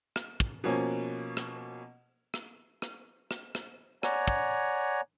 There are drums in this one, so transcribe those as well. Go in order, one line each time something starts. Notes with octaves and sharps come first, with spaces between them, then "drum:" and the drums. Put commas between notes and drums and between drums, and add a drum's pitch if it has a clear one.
drum: rim click
drum: kick
B2 F3 A#3 C#4
drum: rim click
drum: rim click
drum: rim click
drum: rim click
drum: rim click
C#5 D5 F#5 G#5 A#5, drum: rim click
drum: kick